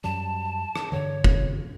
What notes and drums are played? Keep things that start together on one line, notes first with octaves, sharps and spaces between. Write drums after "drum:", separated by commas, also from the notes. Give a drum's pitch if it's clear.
F#2 F#3 G3 A5
drum: rim click
G2 D3 E3 C#5
drum: kick